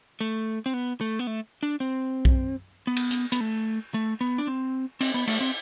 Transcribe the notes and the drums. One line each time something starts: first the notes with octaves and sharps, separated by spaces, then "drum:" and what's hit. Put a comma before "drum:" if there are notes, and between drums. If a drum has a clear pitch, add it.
A3
C4
B3
A3
B3
A3
D4
C4
drum: kick B1
B3
drum: cymbal
drum: hi-hat
B3, drum: hi-hat
A3
A3
B3
D4
C4
C4, drum: cymbal
B3
A3, drum: cymbal
C4